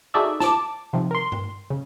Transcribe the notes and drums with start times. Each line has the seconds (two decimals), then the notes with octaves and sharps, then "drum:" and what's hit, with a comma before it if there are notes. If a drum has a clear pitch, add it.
0.14 D#4 F#4 G#4 A4 D5 E5
0.40 A5 D6, drum: snare
0.93 C3 D#3 F3
1.11 A#4 C6
1.32 drum: tom G2
1.70 C#3